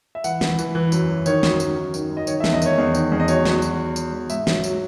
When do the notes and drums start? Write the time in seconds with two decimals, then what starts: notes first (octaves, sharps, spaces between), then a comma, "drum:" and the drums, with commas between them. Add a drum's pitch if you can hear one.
0.15 E5
0.24 E3 F#5, drum: tambourine
0.41 E3, drum: snare
0.59 E3, drum: tambourine
0.75 E3
0.92 F#2, drum: tambourine
1.09 F#2
1.26 D#3 C#5, drum: tambourine
1.43 F#2, drum: snare
1.60 D#3, drum: tambourine
1.77 D#3
1.94 D#3, drum: tambourine
2.11 F#2
2.17 D#5
2.27 D#3 C#5, drum: tambourine
2.40 E5
2.44 E2, drum: snare
2.53 D#5
2.62 D#3 C#5, drum: tambourine
2.78 E2
2.95 D#3, drum: tambourine
3.12 E2
3.20 D#5
3.28 F#3 C#5, drum: tambourine
3.45 F#3, drum: snare
3.62 F#3, drum: tambourine
3.80 F#3
3.96 F#3, drum: tambourine
4.13 E2
4.30 G#2 E5, drum: tambourine
4.47 F#3, drum: snare
4.64 F#3, drum: tambourine